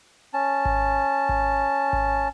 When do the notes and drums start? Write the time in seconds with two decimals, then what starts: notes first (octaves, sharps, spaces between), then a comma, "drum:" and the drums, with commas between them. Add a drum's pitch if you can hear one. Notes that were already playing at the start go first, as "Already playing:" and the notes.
0.33 C#4 A5
0.65 drum: kick G#1
1.29 drum: kick G#1
1.93 drum: kick G#1